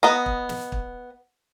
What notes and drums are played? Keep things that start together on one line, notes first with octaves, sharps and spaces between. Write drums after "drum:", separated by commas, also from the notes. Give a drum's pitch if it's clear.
B3 D#5 A#5
drum: kick
drum: snare
drum: kick